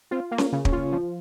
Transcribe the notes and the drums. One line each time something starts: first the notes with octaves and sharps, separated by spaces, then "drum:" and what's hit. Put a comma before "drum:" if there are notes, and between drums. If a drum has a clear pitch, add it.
C4 F4
A#3
C#4, drum: snare C#4
C#3
C#4, drum: kick
F4
F3